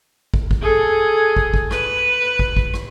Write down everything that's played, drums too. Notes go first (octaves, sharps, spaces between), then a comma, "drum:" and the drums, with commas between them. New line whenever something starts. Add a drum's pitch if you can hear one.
drum: kick
drum: kick
G#4 A4
drum: kick
drum: kick
B4, drum: rim click
drum: kick
drum: kick
drum: rim click